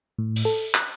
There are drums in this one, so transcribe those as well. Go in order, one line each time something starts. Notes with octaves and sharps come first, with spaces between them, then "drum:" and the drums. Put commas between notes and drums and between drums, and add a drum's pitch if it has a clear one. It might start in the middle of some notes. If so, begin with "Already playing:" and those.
A2
drum: open hi-hat
A4
F#6, drum: clap